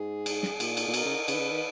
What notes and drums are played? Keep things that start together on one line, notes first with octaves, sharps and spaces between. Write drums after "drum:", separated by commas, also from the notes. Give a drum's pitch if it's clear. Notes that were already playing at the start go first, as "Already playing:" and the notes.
Already playing: G#2 G#4
drum: cymbal
drum: snare
A#2, drum: cymbal
drum: cymbal
A#2
B2 A#4, drum: cymbal
C#3
C#3 B4, drum: cymbal
D#3
C#3
D#3